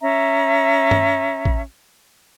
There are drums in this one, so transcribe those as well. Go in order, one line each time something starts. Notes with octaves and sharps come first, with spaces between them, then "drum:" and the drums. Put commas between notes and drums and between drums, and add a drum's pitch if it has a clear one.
C#4 E5 A#5
drum: tom G2
drum: kick A1